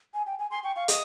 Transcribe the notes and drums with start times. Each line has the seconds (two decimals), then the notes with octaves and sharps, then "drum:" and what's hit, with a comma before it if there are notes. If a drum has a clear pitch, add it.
0.14 G#5
0.27 G5
0.39 G#5
0.51 G#5 C6
0.64 G5 C#6
0.76 F5 C#6
0.88 D#5 D#6, drum: hi-hat